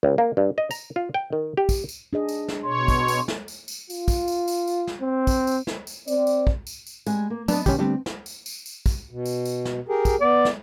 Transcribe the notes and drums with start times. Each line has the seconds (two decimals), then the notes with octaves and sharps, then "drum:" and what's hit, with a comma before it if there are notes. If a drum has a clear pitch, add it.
0.03 C#2
0.18 A#3
0.37 G2
0.58 D#5
0.71 A#5, drum: tambourine
0.96 F4
1.14 G5
1.33 D#3
1.57 G4
1.69 drum: kick, tambourine
1.89 drum: tambourine
2.13 D4 G#4 D#5
2.29 drum: tambourine
2.48 drum: snare
2.63 B2 C#5 C6
2.88 drum: kick, tambourine
3.08 drum: tambourine
3.28 drum: snare
3.48 drum: tambourine
3.68 drum: tambourine
3.90 F4, drum: tambourine
4.08 drum: kick, tambourine
4.28 drum: tambourine
4.48 drum: tambourine
4.68 drum: tambourine
4.87 drum: snare
5.01 C4
5.27 drum: kick, tambourine
5.47 drum: tambourine
5.67 drum: snare
5.87 drum: tambourine
6.08 C4 D5, drum: tambourine
6.27 drum: tambourine
6.47 drum: kick
6.67 drum: tambourine
6.87 drum: tambourine
7.06 G3 G#3 G#5, drum: tambourine
7.30 A#3
7.48 F#3 B3 D4 D#5 A5, drum: tambourine
7.66 A#2 D3 G#3 C#4 G4, drum: kick, tambourine
7.79 D3 G3 A3 B3 C4 D4
8.06 drum: snare
8.26 drum: tambourine
8.46 drum: tambourine
8.66 drum: tambourine
8.86 drum: kick, tambourine
9.11 B2
9.26 drum: tambourine
9.45 drum: tambourine
9.65 drum: snare
9.89 G4 G#4 A#4
10.05 drum: kick, tambourine
10.21 B3 D5
10.45 drum: snare